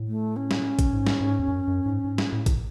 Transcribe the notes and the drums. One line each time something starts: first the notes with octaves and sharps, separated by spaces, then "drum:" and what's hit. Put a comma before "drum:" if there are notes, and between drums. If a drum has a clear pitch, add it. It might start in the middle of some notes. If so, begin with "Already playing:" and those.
Already playing: A2
A3
C#4
drum: snare
drum: kick A1, hi-hat
G#2
drum: snare
G#2
E2
F#2
F#2
G#2
G#2
drum: snare
A2
drum: kick A1, hi-hat